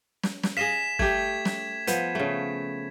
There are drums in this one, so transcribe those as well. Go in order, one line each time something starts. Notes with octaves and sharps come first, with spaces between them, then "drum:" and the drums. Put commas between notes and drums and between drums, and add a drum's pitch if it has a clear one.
drum: snare
drum: snare
G#4 D#5 F5 B6 E7
A3 G4 G#6 B6, drum: kick
drum: snare
F3 B3, drum: hi-hat
C#3 A3